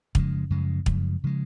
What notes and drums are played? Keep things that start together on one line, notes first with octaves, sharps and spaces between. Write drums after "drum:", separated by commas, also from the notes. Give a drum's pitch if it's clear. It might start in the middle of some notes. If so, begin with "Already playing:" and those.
F#2 C#3 F3 G#3, drum: kick
F#2 C#3 F3 G#3
F#2 C#3 F3 G#3, drum: kick
C#3 F3 G#3